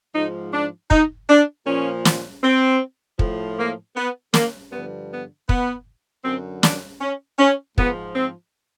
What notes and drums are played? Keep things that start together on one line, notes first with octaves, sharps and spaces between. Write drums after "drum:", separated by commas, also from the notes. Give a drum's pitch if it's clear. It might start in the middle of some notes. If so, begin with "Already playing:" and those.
G#2 F3 D#4
D4
D#4, drum: kick
D4
A#2 F3 C#4
drum: snare
C4
A2 F3, drum: kick
A#3
B3
A#3, drum: snare
G2 D3 F3 B3
B3
B3, drum: kick
F#2 D3 F#3 C4
D4, drum: snare
C#4
C#4
G#2 F3 B3, drum: kick
C4